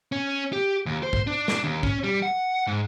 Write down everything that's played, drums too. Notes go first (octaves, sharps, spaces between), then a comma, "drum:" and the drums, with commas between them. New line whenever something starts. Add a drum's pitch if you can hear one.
C#4
G4
D#2
C5
drum: kick
D4
drum: snare
D#2
C#4, drum: kick
G3
F#5
G#2